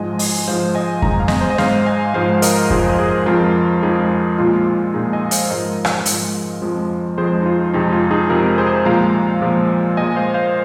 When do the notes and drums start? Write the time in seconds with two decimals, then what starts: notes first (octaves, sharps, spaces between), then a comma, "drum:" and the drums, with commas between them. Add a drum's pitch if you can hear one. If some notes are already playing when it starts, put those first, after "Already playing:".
Already playing: G#2 F3 G#3 D#5 G#5
0.19 D#5 G#5, drum: open hi-hat
0.48 G#2 F3 G#3 C5 F5
0.75 D#5 G#5
1.02 G#2 G#3 A#5, drum: kick F2
1.11 G#5
1.20 F5
1.28 D#5 G#5, drum: snare
1.41 C5
1.50 D#5
1.58 G#2 G#3 C5 F5, drum: snare
1.86 D#5 G#5
2.14 G#2 F3 G#3 C5 F5
2.38 F5
2.42 A#4 D#5, drum: hi-hat
2.70 G#2 F3 G#3 G#4 C5, drum: kick F2
2.89 D#5
2.99 G#4 C5
3.26 F2 F3 G#3 F4 A#4
3.83 F2 F3 G#3 D#4 G#4
4.38 A#2 F3 G#3 F4
4.67 F4
4.94 A#2 F3 G#3 D#4 G#4
5.13 D#5 G#5
5.31 C5 F5, drum: hi-hat
5.50 G#2 F3 G#3 A#4 D#5
5.85 drum: rim click
6.06 G#2 F3 G#3, drum: hi-hat
6.62 F2 F3 G#3
7.17 F2 F3 G#3 G#4 C5
7.41 D#4
7.46 F4
7.73 F2 C3 G#3 D#4 G#4
7.93 F4
8.11 D#4 G#4
8.29 F2 C3 G#3 F4 A#4
8.58 G#4 C5
8.85 A#2 F3 G#3 F5 A#5
9.41 A#2 F3 G#3
9.97 A#2 G#3 D#5 G#5
10.16 C5 F5
10.34 C5 F5